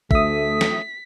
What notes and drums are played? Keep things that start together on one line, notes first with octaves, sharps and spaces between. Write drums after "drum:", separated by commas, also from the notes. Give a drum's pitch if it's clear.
D2 A3 E5 D#6 B6, drum: kick
drum: snare